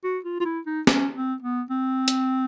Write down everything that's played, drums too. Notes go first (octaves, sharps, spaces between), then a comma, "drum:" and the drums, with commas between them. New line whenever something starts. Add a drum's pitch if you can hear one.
F#4
F4
F4
E4
D#4
C#4, drum: snare
C4
B3
C4
drum: hi-hat